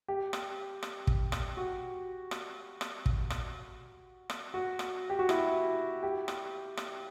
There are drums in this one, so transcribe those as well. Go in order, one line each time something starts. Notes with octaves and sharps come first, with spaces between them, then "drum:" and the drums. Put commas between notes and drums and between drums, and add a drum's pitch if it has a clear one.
G4
drum: rim click
drum: rim click
drum: kick
drum: rim click
F#4
drum: rim click
drum: rim click
drum: kick
drum: rim click
drum: rim click
F#4
drum: rim click
G4
F#4
E4, drum: rim click
G4
drum: rim click
drum: rim click